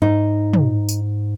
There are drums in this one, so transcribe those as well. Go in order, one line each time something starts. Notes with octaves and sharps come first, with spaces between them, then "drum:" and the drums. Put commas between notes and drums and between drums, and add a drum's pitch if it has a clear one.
G#2 D#4
drum: tom
drum: tambourine